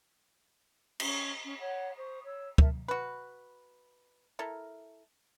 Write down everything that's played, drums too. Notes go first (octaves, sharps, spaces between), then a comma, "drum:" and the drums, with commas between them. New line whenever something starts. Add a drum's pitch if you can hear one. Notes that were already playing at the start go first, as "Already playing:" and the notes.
C#4, drum: cymbal
C#4
C#5 F#5
C5 C#6 D#6
C#5 E6
A#4 E5 A5, drum: kick
F#4 B4
E4 A4 A#4